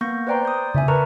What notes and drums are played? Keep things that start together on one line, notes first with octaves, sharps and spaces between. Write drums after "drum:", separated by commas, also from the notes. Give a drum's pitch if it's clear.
A#3 B3 C#6 G6 A#6
B4 C5 D5 G5 A#5 C6
D#6 G6
D5 E5 G#5, drum: tom C#3
A#4 B4 A5 A#5 C#6 F6